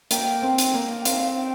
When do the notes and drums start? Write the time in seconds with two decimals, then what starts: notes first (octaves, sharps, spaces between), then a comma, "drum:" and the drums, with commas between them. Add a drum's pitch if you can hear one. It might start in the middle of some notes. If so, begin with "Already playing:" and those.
0.11 A#3 G5, drum: hi-hat
0.43 C4
0.58 drum: hi-hat
0.74 A#3
1.01 G5
1.05 C4 F5, drum: hi-hat
1.37 G5